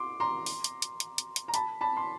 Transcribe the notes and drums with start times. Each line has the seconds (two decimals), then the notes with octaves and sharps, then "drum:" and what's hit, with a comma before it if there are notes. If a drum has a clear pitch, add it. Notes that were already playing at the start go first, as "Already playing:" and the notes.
Already playing: C6 D6
0.20 A#5 C6
0.46 drum: open hi-hat
0.64 drum: hi-hat
0.82 drum: hi-hat
1.00 drum: hi-hat
1.18 drum: hi-hat
1.36 drum: hi-hat
1.48 A#5
1.54 A5 B5, drum: hi-hat
1.81 A5 B5
1.97 C6